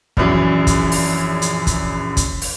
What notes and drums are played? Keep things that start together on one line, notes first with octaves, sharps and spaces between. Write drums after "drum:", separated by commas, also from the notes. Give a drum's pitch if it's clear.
A#1 F#2 E3 F#3, drum: kick
drum: kick, hi-hat
drum: open hi-hat
drum: hi-hat
drum: kick, hi-hat
drum: kick, hi-hat
drum: open hi-hat